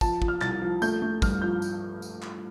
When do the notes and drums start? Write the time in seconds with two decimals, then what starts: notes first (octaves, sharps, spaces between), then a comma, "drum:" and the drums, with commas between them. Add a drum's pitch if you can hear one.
0.01 F3 A5, drum: kick, tambourine
0.22 F3, drum: kick
0.28 F6
0.41 C2 A6, drum: clap
0.62 F3
0.82 A3 G6, drum: tambourine
1.02 A3
1.22 G2 F6, drum: kick, tambourine
1.42 F3 G6
1.62 drum: tambourine
2.02 drum: tambourine
2.22 drum: clap